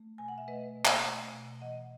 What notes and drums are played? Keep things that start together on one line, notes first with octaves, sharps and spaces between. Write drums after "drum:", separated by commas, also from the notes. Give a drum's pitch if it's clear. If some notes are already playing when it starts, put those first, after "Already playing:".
Already playing: A3
B2 G#5
F#5
E5
A3 B4 D#5
B2
drum: clap
A3
B2
E3 D#5 F#5